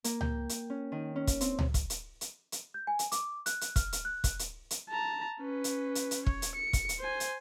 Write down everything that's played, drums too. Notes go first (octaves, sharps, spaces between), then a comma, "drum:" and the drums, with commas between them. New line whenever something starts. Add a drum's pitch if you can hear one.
A#3, drum: hi-hat
G5, drum: tom C#2
drum: hi-hat
C#4
D#3
C#4
drum: kick, hi-hat
C4, drum: hi-hat
drum: tom C#2
drum: kick, hi-hat
drum: hi-hat
drum: hi-hat
drum: hi-hat
G6
G#5
drum: hi-hat
D6, drum: hi-hat
F#6, drum: hi-hat
drum: hi-hat
F6, drum: kick, hi-hat
drum: hi-hat
F#6
drum: kick, hi-hat
drum: hi-hat
drum: hi-hat
A5 A#5
C#4 B4
drum: hi-hat
drum: hi-hat
drum: hi-hat
C#5, drum: kick
drum: hi-hat
C#7
drum: kick, hi-hat
drum: hi-hat
C5 G#5
drum: hi-hat